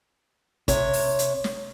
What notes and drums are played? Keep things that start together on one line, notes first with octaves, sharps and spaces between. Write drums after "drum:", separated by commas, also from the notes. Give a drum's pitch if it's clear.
C3 C#5, drum: kick, hi-hat
drum: open hi-hat
drum: hi-hat
drum: snare